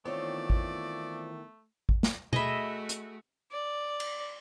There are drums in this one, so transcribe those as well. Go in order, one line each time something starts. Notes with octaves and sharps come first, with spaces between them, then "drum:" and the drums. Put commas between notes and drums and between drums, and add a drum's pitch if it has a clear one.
D#3 E3 A3 B3 C4 F4 C#5 D5
drum: kick G#1
drum: kick G#1
drum: snare
A3 F#4 G#4 D#5 E5 B5, drum: tom
drum: hi-hat
D5
drum: cymbal